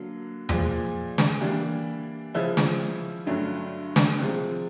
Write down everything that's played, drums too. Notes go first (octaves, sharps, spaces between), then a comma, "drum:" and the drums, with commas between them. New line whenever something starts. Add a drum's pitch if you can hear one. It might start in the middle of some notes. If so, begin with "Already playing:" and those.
Already playing: D3 F#3 A#3
A#2 F3 G#3, drum: tom E2
drum: snare
E3 G3 A#3 D4
C#3 F3 G#3 C#4 E4
drum: snare
G2 D3 F#3 A3 C#4
drum: snare
C3 F3 G#3